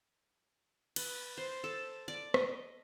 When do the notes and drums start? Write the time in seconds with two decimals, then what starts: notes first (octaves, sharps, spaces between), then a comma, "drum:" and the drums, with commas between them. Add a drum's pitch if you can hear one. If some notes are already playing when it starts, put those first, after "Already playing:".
0.96 B4, drum: cymbal
1.38 C5
1.64 A4
2.08 D5
2.34 D#5, drum: rim click